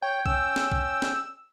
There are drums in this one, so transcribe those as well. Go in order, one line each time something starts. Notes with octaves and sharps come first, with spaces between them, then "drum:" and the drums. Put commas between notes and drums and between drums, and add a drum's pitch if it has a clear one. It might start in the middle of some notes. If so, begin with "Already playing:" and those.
C#5 G5
C#4 G5 E6, drum: kick B1
drum: snare
drum: kick B1
drum: snare